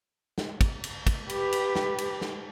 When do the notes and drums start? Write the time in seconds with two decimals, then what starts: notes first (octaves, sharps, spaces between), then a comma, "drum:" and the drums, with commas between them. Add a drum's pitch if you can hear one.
0.38 drum: snare
0.61 drum: kick, cymbal
0.84 drum: cymbal
1.07 drum: kick, cymbal
1.30 G4 B4, drum: cymbal
1.52 drum: cymbal
1.75 drum: snare
1.98 drum: cymbal
2.21 drum: snare